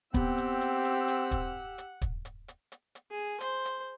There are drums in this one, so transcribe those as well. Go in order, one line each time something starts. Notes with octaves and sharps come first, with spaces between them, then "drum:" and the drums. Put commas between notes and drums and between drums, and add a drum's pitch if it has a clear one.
B3 C4 G4 F#5 E6, drum: kick, hi-hat
drum: hi-hat
drum: hi-hat
drum: hi-hat
drum: hi-hat
drum: kick, hi-hat
drum: hi-hat
drum: kick, hi-hat
drum: hi-hat
drum: hi-hat
drum: hi-hat
drum: hi-hat
G#4
C5, drum: hi-hat
drum: hi-hat